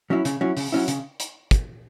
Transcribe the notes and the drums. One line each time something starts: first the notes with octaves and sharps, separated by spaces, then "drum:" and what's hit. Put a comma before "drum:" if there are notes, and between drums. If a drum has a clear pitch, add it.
F#3 C#4 E4
C#3, drum: hi-hat
F#3 C#4 E4
C#3, drum: open hi-hat
F#3 C#4 E4
C#3, drum: hi-hat
drum: hi-hat
drum: kick, hi-hat